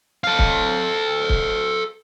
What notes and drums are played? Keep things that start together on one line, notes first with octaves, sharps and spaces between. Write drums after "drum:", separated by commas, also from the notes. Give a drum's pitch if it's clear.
A4 F5
drum: kick C#1
drum: kick C#1